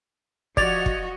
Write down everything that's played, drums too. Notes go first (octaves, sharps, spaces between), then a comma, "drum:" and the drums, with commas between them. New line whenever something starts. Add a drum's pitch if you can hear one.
F3 F#4 D5 D#5 G#6 A6 F7, drum: kick
drum: kick